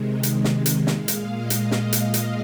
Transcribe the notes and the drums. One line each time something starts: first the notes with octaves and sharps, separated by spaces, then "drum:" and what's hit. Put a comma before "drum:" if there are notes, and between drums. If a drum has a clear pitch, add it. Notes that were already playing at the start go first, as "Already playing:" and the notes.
Already playing: C3 D#3 G#3
drum: hi-hat
drum: snare
drum: hi-hat
A#2 G#3 F5, drum: snare
drum: hi-hat
D#5
drum: hi-hat
drum: snare
drum: hi-hat
drum: hi-hat